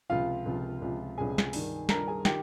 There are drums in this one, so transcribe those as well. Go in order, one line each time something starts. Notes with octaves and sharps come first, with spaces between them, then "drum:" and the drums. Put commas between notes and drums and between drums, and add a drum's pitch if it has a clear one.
C#2 C3 F3 F4 F5
C#2 C3 F3
C#2 C3 F3
C#2 C3 F3 G#4 G#5
drum: snare
G2 D#3, drum: open hi-hat
G2 D#3 A#4 A#5, drum: snare
G#4 G#5
D#3 G4 G5, drum: snare